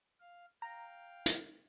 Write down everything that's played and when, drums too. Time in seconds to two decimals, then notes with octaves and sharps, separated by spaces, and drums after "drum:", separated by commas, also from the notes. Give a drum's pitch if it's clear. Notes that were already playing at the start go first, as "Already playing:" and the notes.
0.20 F5
0.62 F5 G5 A#5
1.26 drum: hi-hat